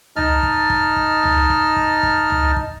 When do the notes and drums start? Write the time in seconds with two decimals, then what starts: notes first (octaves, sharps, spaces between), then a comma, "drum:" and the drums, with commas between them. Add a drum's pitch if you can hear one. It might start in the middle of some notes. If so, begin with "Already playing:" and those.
0.16 D#4 D#5 A5 F6, drum: tom
0.43 drum: kick
0.70 drum: kick
0.96 drum: kick
1.23 drum: tom
1.50 drum: kick
1.76 drum: kick
2.03 drum: kick
2.30 drum: tom
2.56 drum: kick